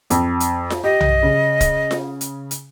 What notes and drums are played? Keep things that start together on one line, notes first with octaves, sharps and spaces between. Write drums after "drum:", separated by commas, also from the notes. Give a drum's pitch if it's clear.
F2, drum: hi-hat
drum: hi-hat
drum: snare F4
G4 D#5
drum: tom B1
C#3
drum: kick, hi-hat
drum: snare F4
drum: hi-hat
drum: hi-hat